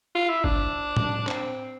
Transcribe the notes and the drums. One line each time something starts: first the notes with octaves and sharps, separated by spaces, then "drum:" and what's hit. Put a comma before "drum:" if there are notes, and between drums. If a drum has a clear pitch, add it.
F4
E4
D4, drum: kick
drum: tom
C4, drum: clap